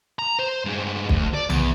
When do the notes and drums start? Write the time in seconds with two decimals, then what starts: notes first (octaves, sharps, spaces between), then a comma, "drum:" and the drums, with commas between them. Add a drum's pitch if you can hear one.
0.19 A#5
0.39 C5
0.65 G2 G#3
1.09 D2, drum: kick
1.34 D5
1.50 E2, drum: tom B1